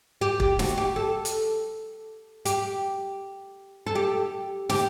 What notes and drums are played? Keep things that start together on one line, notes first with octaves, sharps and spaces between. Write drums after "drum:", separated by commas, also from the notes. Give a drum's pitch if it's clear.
G4
G4, drum: kick
F#4, drum: snare
G4
A4
drum: hi-hat
G4, drum: hi-hat
A4
G4
G4, drum: snare